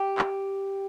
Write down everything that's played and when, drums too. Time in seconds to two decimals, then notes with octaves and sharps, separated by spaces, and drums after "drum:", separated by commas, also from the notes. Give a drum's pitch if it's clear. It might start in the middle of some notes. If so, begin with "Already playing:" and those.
Already playing: G4
0.18 drum: clap